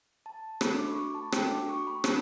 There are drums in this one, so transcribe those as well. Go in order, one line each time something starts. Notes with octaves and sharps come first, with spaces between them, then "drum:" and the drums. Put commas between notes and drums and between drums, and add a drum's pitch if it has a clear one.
A5
A3 D4 F#4 A4 B5, drum: rim click
D6
C#6
B5
A5
A3 D4 F#4 A4 G5, drum: rim click
D6
C#6
B5
D4 F#4 A5, drum: rim click